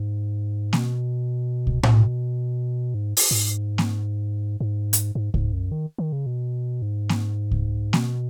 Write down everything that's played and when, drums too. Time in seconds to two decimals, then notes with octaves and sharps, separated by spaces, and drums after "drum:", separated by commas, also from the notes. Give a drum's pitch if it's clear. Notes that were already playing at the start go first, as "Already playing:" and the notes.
Already playing: G#2
0.73 B2, drum: snare A#3
1.67 drum: kick C2
1.83 B2, drum: tom A2
2.94 G#2
3.17 drum: open hi-hat
3.31 G#2
3.78 drum: snare A#3
4.61 G#2
4.93 drum: hi-hat
5.15 G#2
5.34 G#2, drum: kick C2
5.53 F#2
5.72 D#3
5.98 D#3
6.12 C#3
6.26 B2
6.82 G#2
7.09 drum: snare A#3
7.51 drum: kick C2
7.93 B2, drum: snare A#3